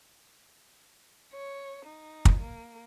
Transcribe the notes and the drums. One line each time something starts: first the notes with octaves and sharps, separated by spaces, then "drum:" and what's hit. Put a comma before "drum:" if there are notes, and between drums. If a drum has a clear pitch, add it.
C#5
D#4
drum: kick
A#3